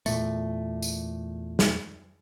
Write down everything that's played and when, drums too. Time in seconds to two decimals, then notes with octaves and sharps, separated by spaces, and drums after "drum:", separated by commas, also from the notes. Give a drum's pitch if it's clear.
0.06 E2 A#2 A3, drum: tambourine
0.82 drum: tambourine
1.59 drum: snare